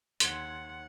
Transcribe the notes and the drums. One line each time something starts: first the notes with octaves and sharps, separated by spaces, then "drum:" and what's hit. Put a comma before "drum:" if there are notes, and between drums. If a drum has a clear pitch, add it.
D#2 F#5 C6 G#6, drum: hi-hat